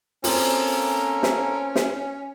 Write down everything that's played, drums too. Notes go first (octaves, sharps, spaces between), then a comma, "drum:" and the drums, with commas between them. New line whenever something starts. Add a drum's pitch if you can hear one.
A#3 C4 C#4 F4 A4 A#4, drum: open hi-hat
drum: snare
drum: snare